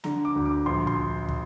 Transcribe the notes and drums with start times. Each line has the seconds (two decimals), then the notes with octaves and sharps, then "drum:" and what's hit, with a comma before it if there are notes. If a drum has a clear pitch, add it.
0.04 D3 A#5, drum: snare
0.25 D6
0.36 D2
0.46 D6
0.66 A#1 C6
0.87 C6, drum: kick
1.29 drum: kick